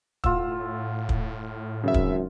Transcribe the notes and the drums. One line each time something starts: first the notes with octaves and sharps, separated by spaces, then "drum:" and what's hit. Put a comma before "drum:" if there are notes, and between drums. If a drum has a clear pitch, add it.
A2 F4 F#5 E6, drum: kick
drum: kick
G#1 F#2 C#3 E5
drum: kick